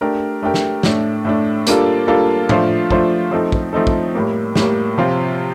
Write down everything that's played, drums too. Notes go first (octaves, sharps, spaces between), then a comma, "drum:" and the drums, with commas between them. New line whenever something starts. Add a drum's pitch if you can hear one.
A3 D4 G4 A#4
A3 D4 G4 A#4
drum: snare
A2 A3 D4, drum: snare
A2 A3 D4
G3 A#3 D4 F4 A4, drum: hi-hat
G3 A#3 D4 F4 A4
F3 A3 D4 F4 C5, drum: tom
F3 A3 D4 F4 C5, drum: kick
F3 A3 C4 D#4 A4
drum: kick
F3 A3 C4 D#4 A4
drum: kick
A2 G3 A#3
A2 G3 A#3, drum: snare
C3 F3 C4 F4